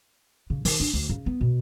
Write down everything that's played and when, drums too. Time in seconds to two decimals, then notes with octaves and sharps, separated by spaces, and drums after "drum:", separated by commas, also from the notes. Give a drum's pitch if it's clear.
0.50 C#3
0.65 D#3, drum: open hi-hat
0.80 D4
0.94 D2
1.09 C#3
1.26 B3
1.41 B2